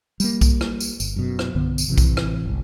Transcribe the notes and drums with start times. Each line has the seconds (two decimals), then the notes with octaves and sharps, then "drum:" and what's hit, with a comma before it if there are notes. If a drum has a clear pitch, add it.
0.20 G3 A#3, drum: tambourine
0.41 drum: kick B1, tambourine
0.61 drum: rim click
0.80 drum: tambourine
1.00 G1, drum: tambourine
1.16 F#2 B2
1.39 drum: rim click
1.55 B1 G2 D3 B3
1.78 drum: tambourine
1.88 A1 C3 E3
1.98 drum: kick B1, tambourine
2.17 drum: rim click
2.45 G1 C2